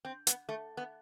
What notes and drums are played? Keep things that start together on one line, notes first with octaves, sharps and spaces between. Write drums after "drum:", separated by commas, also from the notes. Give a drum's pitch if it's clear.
C4
B3, drum: hi-hat
A3
B3